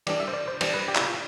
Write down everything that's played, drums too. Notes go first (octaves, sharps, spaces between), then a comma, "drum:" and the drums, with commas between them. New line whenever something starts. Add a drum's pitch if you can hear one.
E3 G3 D4 D5, drum: cymbal
E5
C5
D5
C5
E3 G3 D4 C5, drum: cymbal
B4
G4
E4, drum: clap
F4